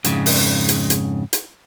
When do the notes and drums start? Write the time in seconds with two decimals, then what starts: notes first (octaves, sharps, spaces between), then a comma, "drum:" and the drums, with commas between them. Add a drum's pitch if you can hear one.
0.04 F2 G#2 C#3, drum: hi-hat
0.26 drum: open hi-hat
0.69 drum: hi-hat
0.90 drum: hi-hat
1.33 drum: hi-hat